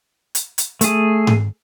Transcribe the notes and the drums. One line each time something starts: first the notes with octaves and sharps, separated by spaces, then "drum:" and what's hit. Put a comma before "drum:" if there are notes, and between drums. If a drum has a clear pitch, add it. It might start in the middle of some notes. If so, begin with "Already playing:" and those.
drum: hi-hat
drum: hi-hat
A3 G#4, drum: hi-hat
drum: tom G#2